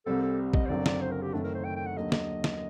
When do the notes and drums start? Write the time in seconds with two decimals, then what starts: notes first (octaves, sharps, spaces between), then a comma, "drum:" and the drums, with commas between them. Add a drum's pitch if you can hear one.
0.06 C2 C3 G3 C4 A4
0.22 A4
0.53 D#5, drum: kick
0.66 C5
0.69 F#1 F#2 D3 F#3 C4 D5
0.86 D5, drum: snare
1.01 C5
1.11 A#4
1.22 G4
1.33 F#1 F#2 D#3 A3 C4 D4
1.44 A#4
1.54 C5
1.65 G5
1.76 G5
1.86 F#5
1.96 D#2 D3 F#3 D#5
2.12 D#5, drum: snare
2.44 drum: snare